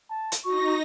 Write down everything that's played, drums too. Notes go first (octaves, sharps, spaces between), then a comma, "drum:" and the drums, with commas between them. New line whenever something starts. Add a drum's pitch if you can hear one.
A5
drum: hi-hat
D#4 F#4 C#6 A#6